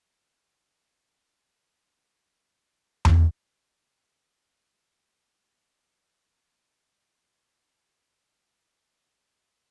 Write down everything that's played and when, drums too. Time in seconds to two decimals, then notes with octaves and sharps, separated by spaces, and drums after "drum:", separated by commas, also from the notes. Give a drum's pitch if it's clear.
0.06 A#4
0.44 F#3
1.40 A#3
3.05 drum: tom E2
3.64 A4 D5
3.96 D#3 D4 C#5
4.21 E5
6.11 D#3 G#5 C6 D6
7.60 D3 C4 G#4 C#5 D5
8.65 G3 F4 G#4